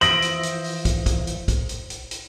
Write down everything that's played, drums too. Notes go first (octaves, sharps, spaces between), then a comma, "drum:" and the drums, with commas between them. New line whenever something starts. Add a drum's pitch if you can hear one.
E3 F3 C5 E5 D#6 A#6 D7 F#7, drum: hi-hat
drum: hi-hat
drum: hi-hat
drum: open hi-hat
drum: kick, hi-hat
drum: kick, hi-hat
drum: hi-hat
drum: kick, hi-hat
drum: hi-hat
drum: hi-hat
drum: hi-hat